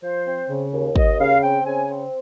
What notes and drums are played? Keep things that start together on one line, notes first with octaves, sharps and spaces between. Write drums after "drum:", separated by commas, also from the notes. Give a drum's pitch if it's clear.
F3 C5
C4
C#3
D#2
D#2 D#5, drum: kick
C#3 F5
C4 G5
C#3 G#5
C4